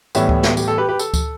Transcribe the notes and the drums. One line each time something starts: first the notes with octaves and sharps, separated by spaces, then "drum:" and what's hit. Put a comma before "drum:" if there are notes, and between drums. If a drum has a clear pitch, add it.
A2 E3 G3 B3 C#5 E5, drum: tambourine
drum: kick D2
drum: snare
G4, drum: tambourine
A4
G4 B4
G4 B4
A4, drum: tambourine
drum: kick D2, tambourine